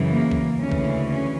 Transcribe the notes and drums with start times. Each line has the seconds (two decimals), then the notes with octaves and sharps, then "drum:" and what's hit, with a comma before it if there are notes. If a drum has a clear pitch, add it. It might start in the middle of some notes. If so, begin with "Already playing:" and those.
Already playing: F#2 C#3 E3
0.10 A#3
0.32 drum: kick
0.59 D2 C#3 E3 C#4
0.72 drum: kick
1.08 C#4